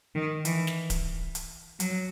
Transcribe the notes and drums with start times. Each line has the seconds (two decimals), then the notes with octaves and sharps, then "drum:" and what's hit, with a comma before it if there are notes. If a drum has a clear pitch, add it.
0.15 D#3
0.45 E3, drum: hi-hat
0.67 drum: snare
0.90 drum: kick D1, hi-hat
1.35 drum: hi-hat
1.80 F#3, drum: hi-hat